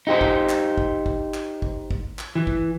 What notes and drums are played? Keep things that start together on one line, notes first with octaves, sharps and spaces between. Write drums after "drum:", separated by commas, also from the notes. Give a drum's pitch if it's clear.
D#4 G4 C5
drum: kick
drum: clap
drum: kick
drum: kick
drum: clap
drum: kick
drum: kick
drum: clap
E3
drum: kick